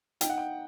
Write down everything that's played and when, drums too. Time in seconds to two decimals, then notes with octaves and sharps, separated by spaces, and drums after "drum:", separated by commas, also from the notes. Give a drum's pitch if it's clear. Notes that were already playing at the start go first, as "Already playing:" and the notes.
0.21 D#4 G5, drum: hi-hat
0.29 F#5
0.38 G5